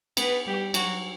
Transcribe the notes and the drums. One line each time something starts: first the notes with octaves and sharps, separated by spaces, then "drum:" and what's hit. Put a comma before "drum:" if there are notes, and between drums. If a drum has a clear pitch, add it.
B3 B4, drum: cymbal
G3 G4
F#3 F#4, drum: cymbal